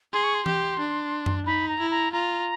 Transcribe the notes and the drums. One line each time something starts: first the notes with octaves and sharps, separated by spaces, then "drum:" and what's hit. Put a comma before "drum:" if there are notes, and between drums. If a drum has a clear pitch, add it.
G#4 C6
C#6
C6
G4, drum: tom E3
D4
drum: tom F#2
D#4 B5
A#5
E4
A#5
F4 A#5